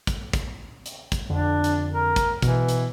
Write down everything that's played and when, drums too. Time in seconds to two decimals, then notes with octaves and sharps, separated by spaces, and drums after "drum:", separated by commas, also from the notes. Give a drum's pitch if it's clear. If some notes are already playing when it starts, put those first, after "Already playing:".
0.07 drum: kick, hi-hat
0.33 drum: kick, hi-hat
0.86 drum: hi-hat
1.12 drum: kick, hi-hat
1.30 F2 D3 D4
1.64 drum: hi-hat
1.93 A#4
2.16 drum: kick, hi-hat
2.42 B2 E3, drum: kick, hi-hat
2.69 drum: hi-hat